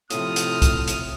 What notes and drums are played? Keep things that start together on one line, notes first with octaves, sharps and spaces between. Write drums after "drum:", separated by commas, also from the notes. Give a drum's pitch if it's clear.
A2 C3 F3 F4 D#6 F6, drum: hi-hat
drum: hi-hat
drum: kick, hi-hat
drum: hi-hat